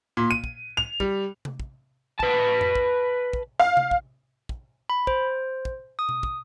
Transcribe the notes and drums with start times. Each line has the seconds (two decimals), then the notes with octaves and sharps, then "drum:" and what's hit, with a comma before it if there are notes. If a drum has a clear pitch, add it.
0.17 A#2
0.31 D#7
0.44 drum: kick
0.77 F7
1.00 G3, drum: kick
1.45 drum: tom C3
1.60 drum: kick
2.20 B4 A5, drum: kick
2.61 drum: tom F2
2.75 drum: kick
3.33 drum: kick
3.60 F5
3.77 drum: tom C3
3.91 drum: kick
4.49 drum: kick
4.90 B5
5.07 C5, drum: kick
5.65 drum: kick
5.99 D#6
6.09 drum: tom B2
6.23 drum: kick